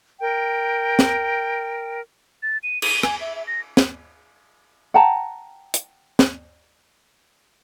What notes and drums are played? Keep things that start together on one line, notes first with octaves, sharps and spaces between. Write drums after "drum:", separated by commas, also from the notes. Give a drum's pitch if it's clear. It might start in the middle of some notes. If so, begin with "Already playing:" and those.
A#4 G5
drum: snare
A6
D#7
D#7, drum: cymbal
G#5, drum: rim click
E5
E5
A#6
drum: snare
F#5 G5 A5 A#5
drum: hi-hat
drum: snare